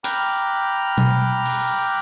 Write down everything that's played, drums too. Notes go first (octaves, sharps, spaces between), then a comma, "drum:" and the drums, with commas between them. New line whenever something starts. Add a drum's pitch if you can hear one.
G5 A#5 B5 D6 F6 F#6, drum: hi-hat
drum: tom B2
drum: open hi-hat